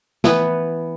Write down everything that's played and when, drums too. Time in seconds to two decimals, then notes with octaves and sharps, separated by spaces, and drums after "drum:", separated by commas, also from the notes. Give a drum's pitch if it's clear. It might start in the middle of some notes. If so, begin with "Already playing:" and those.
0.24 E3 B3, drum: snare